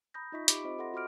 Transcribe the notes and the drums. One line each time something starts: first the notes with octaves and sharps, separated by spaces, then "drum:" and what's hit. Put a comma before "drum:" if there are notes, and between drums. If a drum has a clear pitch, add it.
A#5 B5 D#6 G6 A#6
D#4 F4 D#5 E5 C#6 B6
G4 B5 D6 D7, drum: hi-hat
C4 F4 C5 D#5 B5
A4 D#5 E5 F#5 C6 A#6
F#4 B5 C6 D6 F6 D7